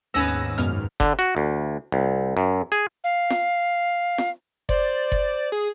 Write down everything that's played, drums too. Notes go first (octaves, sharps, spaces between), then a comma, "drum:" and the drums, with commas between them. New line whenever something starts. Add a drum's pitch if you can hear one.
D#2 G#2 B3 C#4 B4 E6 A#6
F#2 B2 F6, drum: hi-hat
D3, drum: kick F#1
F#4
D2
C2
F#2
G#4
F5
drum: snare F4
drum: snare F4
C5 D5, drum: kick F#1
drum: kick F#1
G#4